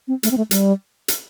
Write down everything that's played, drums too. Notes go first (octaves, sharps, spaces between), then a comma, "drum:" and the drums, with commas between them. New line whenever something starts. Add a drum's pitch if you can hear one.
C4
A3, drum: hi-hat
C4
A3
G3, drum: hi-hat
drum: hi-hat